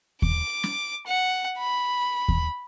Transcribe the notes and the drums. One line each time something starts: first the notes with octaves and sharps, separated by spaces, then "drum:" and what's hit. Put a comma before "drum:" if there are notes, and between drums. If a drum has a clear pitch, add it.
D6, drum: kick D#2
drum: snare
F#5
B5
drum: kick D#2